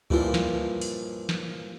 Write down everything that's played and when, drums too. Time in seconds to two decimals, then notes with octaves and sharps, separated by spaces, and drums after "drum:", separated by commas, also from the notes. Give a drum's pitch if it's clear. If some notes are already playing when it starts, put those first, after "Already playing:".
0.10 G2 A#2 E3 F3, drum: kick
0.34 drum: snare
0.81 drum: open hi-hat
1.29 drum: snare